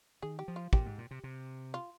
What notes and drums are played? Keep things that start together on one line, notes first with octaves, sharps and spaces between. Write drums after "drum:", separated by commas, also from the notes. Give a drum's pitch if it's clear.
D#3 G#4
G4
F3
F4
A#2 G4, drum: kick
G#2
A#2
C3
C3
F4